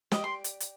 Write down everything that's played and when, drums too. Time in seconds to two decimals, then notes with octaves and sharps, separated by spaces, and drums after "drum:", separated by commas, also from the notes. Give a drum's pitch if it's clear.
0.12 G4 D5 D#5, drum: snare
0.24 C6
0.44 drum: hi-hat
0.60 drum: hi-hat